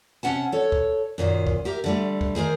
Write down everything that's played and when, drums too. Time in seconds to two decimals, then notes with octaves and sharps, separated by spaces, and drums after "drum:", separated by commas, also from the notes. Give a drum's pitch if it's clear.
0.23 C3 C#4 F#5 A5
0.52 A4 C#5
0.72 drum: kick C#2
1.18 F#2 A#2 D#3 C5
1.47 drum: kick C#2
1.65 G4 A#4 E5
1.84 D3 G3 A3
2.21 drum: kick C#2
2.35 D#3 G#4 A#4 C5